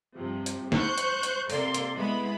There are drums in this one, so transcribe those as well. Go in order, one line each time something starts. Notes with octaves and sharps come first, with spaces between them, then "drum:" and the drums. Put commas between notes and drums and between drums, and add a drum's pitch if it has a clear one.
G2 C3 F3
drum: hi-hat
C5 C#6 F#6 G6, drum: snare
drum: hi-hat
drum: hi-hat
C3 A#3 A4 D5 C6, drum: open hi-hat
drum: hi-hat
G#3 B3 E4 B5